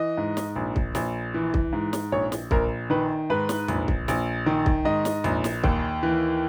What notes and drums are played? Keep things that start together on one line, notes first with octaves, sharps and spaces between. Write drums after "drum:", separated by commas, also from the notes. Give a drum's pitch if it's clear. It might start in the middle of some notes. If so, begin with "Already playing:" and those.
Already playing: E3 D#5
G#2
drum: snare
A#1
drum: kick
A#1, drum: snare
E3
drum: kick
G#2
drum: snare
A#1 C#5
drum: snare
A#1 A#4, drum: kick
D#3 B4
G#2 B4
drum: snare
A#1, drum: tom E2
drum: kick
A#1, drum: snare
D#3
drum: kick
G#2 D#5
drum: snare
A#1, drum: tom E2
drum: snare
D#2, drum: kick
E3